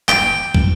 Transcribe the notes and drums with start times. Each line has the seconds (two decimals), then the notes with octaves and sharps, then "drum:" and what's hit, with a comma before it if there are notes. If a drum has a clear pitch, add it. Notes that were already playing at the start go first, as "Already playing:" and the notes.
0.09 G5, drum: clap
0.54 drum: kick